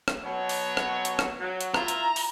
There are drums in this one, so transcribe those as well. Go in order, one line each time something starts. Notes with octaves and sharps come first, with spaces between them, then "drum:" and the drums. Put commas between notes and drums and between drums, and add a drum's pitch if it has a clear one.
drum: rim click
B2 F#3 C#5
drum: open hi-hat
drum: rim click
drum: hi-hat
drum: rim click
F#3
drum: hi-hat
E4 F4 E5 A#5, drum: rim click
drum: hi-hat
drum: open hi-hat